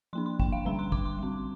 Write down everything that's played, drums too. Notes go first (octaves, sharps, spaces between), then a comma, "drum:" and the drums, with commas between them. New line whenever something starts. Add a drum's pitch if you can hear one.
F3 A#3 D4 C6
C6
G5, drum: kick
F5
D3 G3 D4 A#5
C6
D6, drum: kick
C6
G3 C4